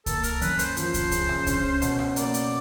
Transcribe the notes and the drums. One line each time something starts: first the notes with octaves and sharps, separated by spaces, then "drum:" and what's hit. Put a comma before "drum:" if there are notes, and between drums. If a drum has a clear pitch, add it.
A#3 A4, drum: kick C#2, hi-hat
A#4, drum: hi-hat
F#2 B4, drum: hi-hat
C5, drum: hi-hat
F3 C5, drum: hi-hat
drum: kick C#2, hi-hat
C#3, drum: hi-hat
drum: rim click
C#4, drum: kick C#2, hi-hat
B2, drum: hi-hat
drum: rim click
A#3 D5, drum: hi-hat
drum: hi-hat